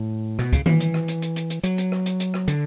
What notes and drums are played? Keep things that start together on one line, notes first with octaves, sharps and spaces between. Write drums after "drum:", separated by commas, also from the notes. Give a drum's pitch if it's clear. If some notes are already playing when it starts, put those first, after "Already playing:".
Already playing: A2
B2, drum: rim click
C#3, drum: kick, hi-hat
E3, drum: tom D#3
drum: hi-hat
drum: rim click
drum: hi-hat
drum: hi-hat
drum: hi-hat
drum: hi-hat
F#3, drum: hi-hat
drum: hi-hat
drum: rim click
drum: hi-hat
drum: hi-hat
drum: rim click
D3, drum: hi-hat